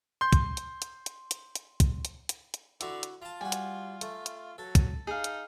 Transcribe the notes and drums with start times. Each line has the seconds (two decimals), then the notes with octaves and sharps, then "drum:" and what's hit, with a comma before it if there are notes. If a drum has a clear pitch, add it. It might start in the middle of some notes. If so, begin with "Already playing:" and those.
0.21 C6 G6
0.33 drum: kick, hi-hat
0.57 drum: hi-hat
0.82 drum: hi-hat
1.06 drum: hi-hat
1.31 drum: hi-hat
1.55 drum: hi-hat
1.80 drum: kick, hi-hat
2.05 drum: hi-hat
2.29 drum: hi-hat
2.54 drum: hi-hat
2.81 D3 E4 F#4 A#5, drum: hi-hat
3.03 drum: hi-hat
3.22 F4 A5 A#5
3.41 G3 F#4 G#5
3.52 drum: hi-hat
4.01 A3, drum: hi-hat
4.26 drum: hi-hat
4.58 F#3 A4
4.75 drum: kick, hi-hat
5.07 D#4 G#4 F5
5.24 drum: hi-hat